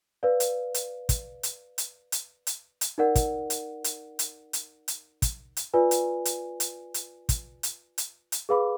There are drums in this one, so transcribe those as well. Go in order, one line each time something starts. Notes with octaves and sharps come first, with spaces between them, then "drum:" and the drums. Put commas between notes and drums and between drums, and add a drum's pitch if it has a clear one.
B4 D5 F5
drum: hi-hat
drum: hi-hat
drum: kick, hi-hat
drum: hi-hat
drum: hi-hat
drum: hi-hat
drum: hi-hat
drum: hi-hat
D#4 A#4 D5 F#5
drum: kick, hi-hat
drum: hi-hat
drum: hi-hat
drum: hi-hat
drum: hi-hat
drum: hi-hat
drum: kick, hi-hat
drum: hi-hat
F4 B4 D5 G#5
drum: hi-hat
drum: hi-hat
drum: hi-hat
drum: hi-hat
drum: kick, hi-hat
drum: hi-hat
drum: hi-hat
drum: hi-hat
G#4 B4 F5 B5 D6